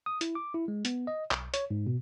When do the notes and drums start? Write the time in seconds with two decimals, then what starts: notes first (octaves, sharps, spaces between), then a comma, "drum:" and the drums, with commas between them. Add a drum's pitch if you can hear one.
0.06 D#6
0.21 E4, drum: hi-hat
0.35 D6
0.54 E4
0.68 G#3
0.85 B3, drum: hi-hat
1.07 D#5
1.31 B1, drum: clap
1.54 C#5, drum: hi-hat
1.71 G#2
1.87 B2